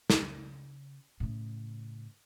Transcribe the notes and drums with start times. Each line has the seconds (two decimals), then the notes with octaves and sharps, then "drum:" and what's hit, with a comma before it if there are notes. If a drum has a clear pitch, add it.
0.10 C#3, drum: snare
1.20 A2 C#3